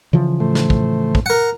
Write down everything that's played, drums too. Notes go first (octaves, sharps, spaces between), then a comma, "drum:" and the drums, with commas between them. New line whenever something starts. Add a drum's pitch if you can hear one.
C#3 E3 F3
A2 A3 C5
drum: snare
drum: kick
drum: kick
A#4 F#5